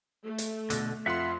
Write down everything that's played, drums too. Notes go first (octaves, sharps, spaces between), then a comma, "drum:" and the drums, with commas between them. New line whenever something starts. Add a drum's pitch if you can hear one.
A3
drum: hi-hat
B2 D3, drum: hi-hat
F2 F4 E5 F#5 C6